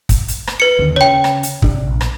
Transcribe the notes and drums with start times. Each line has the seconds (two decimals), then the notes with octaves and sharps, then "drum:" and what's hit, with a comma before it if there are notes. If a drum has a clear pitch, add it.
0.09 drum: kick, hi-hat
0.28 drum: hi-hat
0.47 drum: rim click
0.60 B4 C#7
0.79 D#2 D3
0.96 C#3 C#5 G5
1.24 drum: rim click
1.43 drum: hi-hat
1.62 C3 D4, drum: kick
1.87 A#1
2.01 drum: rim click